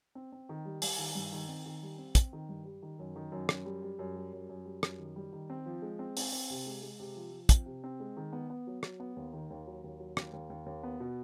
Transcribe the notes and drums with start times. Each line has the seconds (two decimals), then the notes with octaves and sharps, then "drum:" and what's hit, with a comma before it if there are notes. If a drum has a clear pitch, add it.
0.15 C4
0.32 C4
0.49 D#3
0.65 G3
0.82 G3, drum: open hi-hat
0.98 D#3
1.15 G2
1.32 D#3
1.48 C4
1.66 D#3
1.83 G3
1.98 C4
2.15 C4, drum: kick, hi-hat
2.33 D#3
2.49 G2
2.65 G3
2.82 D#3
2.99 F#2
3.16 D#3
3.32 F#2
3.49 F#2, drum: rim click
3.65 G3
3.82 G3
3.99 F#2
4.16 G3
4.33 F#2
4.49 F#2
4.65 G3
4.83 F#2, drum: rim click
4.99 D#3
5.16 G3
5.33 D#3
5.50 C4
5.66 F3
5.82 G#3
5.99 C4
6.17 C4, drum: open hi-hat
6.32 C4
6.50 C3
6.66 G#3
6.83 G#3
7.00 C3
7.16 F3
7.33 F3
7.49 C4, drum: kick, hi-hat
7.66 C3
7.84 C4
8.00 G#3
8.17 D#3
8.32 B3
8.50 B3
8.67 F#3
8.83 F#3, drum: rim click
9.00 B3
9.16 D#2
9.33 D#3
9.50 D#2
9.67 F#3
9.84 D#2
10.00 F#3
10.17 D#2, drum: rim click
10.33 D#2
10.50 D#2
10.66 D#2
10.83 B3
11.00 B2